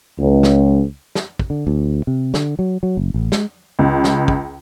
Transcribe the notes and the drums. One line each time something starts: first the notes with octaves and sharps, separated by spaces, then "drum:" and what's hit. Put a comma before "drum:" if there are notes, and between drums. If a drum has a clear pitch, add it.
C#2
drum: snare
drum: snare
drum: kick
D3
D2
C3
D3, drum: snare
F#3
F#3
F#1
A1
G#3, drum: snare
C#2
drum: snare
drum: kick